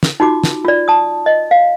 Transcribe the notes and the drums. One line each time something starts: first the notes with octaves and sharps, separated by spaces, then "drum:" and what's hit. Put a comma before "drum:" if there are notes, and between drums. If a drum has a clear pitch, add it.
drum: snare
D#4 F4 F#4 D6
drum: snare
F4 D5
A5 D#6
D#5
F5